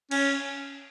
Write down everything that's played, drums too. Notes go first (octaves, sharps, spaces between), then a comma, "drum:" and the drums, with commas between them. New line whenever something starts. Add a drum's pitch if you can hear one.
C#4, drum: cymbal